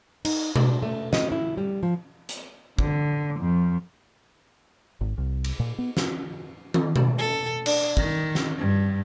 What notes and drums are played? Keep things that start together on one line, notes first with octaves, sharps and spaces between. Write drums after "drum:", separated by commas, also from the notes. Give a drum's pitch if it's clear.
D#4, drum: cymbal
D4, drum: tom B2
A3
D#5, drum: snare
E4
G3
F3
drum: hi-hat
D3, drum: kick
F2
G#1
C2
drum: cymbal
A#2
B3
drum: snare
drum: tom
drum: tom B2
A4
D4, drum: cymbal
D#3, drum: kick
drum: snare
G2